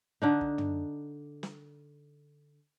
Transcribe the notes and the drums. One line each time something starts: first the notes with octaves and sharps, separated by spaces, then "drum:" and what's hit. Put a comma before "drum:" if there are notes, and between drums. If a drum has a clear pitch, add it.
D3 D4 D#4
drum: kick
drum: tom
drum: snare